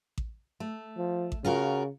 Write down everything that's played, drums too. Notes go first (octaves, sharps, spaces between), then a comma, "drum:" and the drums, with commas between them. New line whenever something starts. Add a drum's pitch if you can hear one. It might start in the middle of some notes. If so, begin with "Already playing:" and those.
drum: kick A1
A3
F3
drum: kick A1
C#3 F4 F#4 A#4